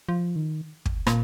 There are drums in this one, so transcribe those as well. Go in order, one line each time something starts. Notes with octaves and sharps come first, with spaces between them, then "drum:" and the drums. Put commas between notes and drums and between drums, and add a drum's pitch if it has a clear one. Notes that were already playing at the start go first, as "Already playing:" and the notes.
F3
D#3
drum: kick
A#2, drum: rim click